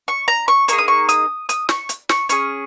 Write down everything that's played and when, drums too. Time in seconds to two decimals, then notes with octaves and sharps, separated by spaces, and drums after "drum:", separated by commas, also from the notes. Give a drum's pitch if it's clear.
0.08 C#6
0.28 A#5
0.48 C#6
0.68 A#3 D#4 G#4 C#6, drum: hi-hat
0.78 D#6
0.88 C#6
1.09 D#6, drum: hi-hat
1.49 D#6, drum: hi-hat
1.69 C#6, drum: snare
1.89 drum: hi-hat
2.09 C#6, drum: snare
2.29 C#4 F4 G#4 C#6, drum: hi-hat